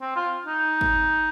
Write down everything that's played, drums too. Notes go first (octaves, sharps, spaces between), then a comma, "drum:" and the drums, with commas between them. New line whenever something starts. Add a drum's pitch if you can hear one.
C4
F4
D#4
drum: kick G1